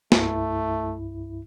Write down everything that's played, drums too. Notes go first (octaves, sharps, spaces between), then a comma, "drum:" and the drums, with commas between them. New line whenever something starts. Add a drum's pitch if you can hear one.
C2 G2 A3 E4, drum: snare